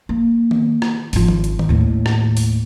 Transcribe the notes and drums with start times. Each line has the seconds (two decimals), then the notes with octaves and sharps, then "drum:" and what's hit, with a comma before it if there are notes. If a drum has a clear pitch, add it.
0.09 A#3
0.51 drum: tom D#3
0.82 drum: rim click
1.13 G#1 F3, drum: open hi-hat
1.28 drum: tom D#3
1.44 drum: hi-hat
1.59 drum: tom D#3
1.69 D#2 A2
2.06 drum: rim click
2.37 drum: open hi-hat